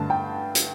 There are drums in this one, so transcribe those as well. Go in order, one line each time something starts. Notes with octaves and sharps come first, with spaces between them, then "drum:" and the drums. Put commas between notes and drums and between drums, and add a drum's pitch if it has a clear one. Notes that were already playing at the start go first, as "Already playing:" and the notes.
Already playing: G2 D3 A3 A5
G5
drum: hi-hat